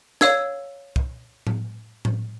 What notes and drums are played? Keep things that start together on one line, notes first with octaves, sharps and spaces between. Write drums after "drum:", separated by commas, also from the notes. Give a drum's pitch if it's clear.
C#5 F5 E6 G#6, drum: snare
drum: kick C2
drum: tom A2
drum: tom A2